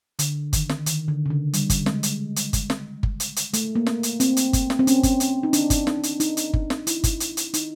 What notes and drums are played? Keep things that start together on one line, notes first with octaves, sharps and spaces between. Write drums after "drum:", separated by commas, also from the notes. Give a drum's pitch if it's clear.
D3, drum: hi-hat
D#3, drum: kick G1, hi-hat
drum: snare
D#3, drum: hi-hat
D3
C#3
D3
G3, drum: hi-hat
drum: kick G1, hi-hat
G#3, drum: snare
drum: hi-hat
drum: hi-hat
drum: kick G1, hi-hat
drum: snare
drum: kick G1
drum: hi-hat
drum: hi-hat
A3, drum: hi-hat
A#3
drum: snare
drum: hi-hat
C4, drum: hi-hat
drum: hi-hat
drum: kick G1, hi-hat
drum: snare
C4
C#4, drum: hi-hat
drum: kick G1, hi-hat
drum: hi-hat
D#4
D4, drum: hi-hat
drum: kick G1, hi-hat
D#4, drum: snare
drum: hi-hat
D#4, drum: hi-hat
drum: hi-hat
drum: kick G1
drum: snare
E4, drum: hi-hat
drum: kick G1, hi-hat
drum: hi-hat
drum: hi-hat
D#4, drum: hi-hat